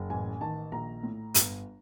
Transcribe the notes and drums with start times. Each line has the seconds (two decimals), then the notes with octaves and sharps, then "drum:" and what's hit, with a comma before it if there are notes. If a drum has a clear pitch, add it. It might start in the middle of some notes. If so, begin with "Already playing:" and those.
Already playing: F#1
0.10 A1 G#5
0.41 D#3 A5
0.72 A#1 A#5
1.03 A2
1.34 G1, drum: hi-hat